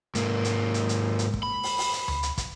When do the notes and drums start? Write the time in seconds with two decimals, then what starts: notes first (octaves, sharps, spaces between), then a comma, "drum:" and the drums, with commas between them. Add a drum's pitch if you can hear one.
0.15 G#2 A#3, drum: hi-hat
0.45 drum: hi-hat
0.74 drum: hi-hat
0.89 drum: hi-hat
1.19 drum: hi-hat
1.34 drum: kick
1.43 B5
1.63 drum: open hi-hat
1.78 drum: open hi-hat
1.93 drum: hi-hat
2.08 drum: tom D2
2.23 drum: hi-hat
2.38 drum: kick, hi-hat